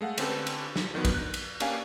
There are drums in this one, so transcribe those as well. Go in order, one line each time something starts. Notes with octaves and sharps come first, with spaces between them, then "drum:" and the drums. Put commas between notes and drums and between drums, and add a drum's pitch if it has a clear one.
G#3 A3 F5 F#5
D3 C4 C#4 G4 A4 B4, drum: cymbal
drum: cymbal
drum: snare
D3 D#3 F#3 B3
drum: kick, cymbal
F#6
drum: cymbal
A#3 C#4 D4 G4 F5 G#5, drum: cymbal